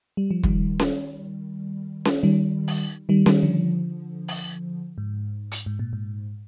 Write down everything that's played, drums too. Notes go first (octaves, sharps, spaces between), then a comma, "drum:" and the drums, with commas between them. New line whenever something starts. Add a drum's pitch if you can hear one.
G3
F3
D#3 G3, drum: kick
drum: snare C#4
drum: snare C#4
D#3 G3
drum: open hi-hat
D#3 G3
D#3 G3, drum: snare C#4
D3 F3
drum: open hi-hat
G#2
drum: hi-hat
G#2
A#2
G#2